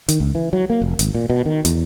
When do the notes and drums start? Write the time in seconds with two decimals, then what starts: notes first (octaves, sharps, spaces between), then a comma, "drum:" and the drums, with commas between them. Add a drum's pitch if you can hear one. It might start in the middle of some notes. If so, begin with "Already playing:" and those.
0.08 D#3, drum: hi-hat
0.20 C#2
0.35 E3
0.53 F#3
0.70 A#3
0.82 F1
0.99 G#1, drum: hi-hat
1.14 A#2
1.30 B2
1.46 D#3
1.65 E2, drum: hi-hat